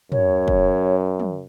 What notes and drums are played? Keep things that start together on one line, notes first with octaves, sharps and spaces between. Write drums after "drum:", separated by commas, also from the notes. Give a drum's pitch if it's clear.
F#2 C#5, drum: tom
drum: kick
drum: tom